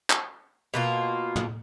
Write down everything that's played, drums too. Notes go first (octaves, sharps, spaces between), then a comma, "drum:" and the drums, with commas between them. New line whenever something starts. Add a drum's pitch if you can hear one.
drum: clap
B2 A#3 F4
drum: tom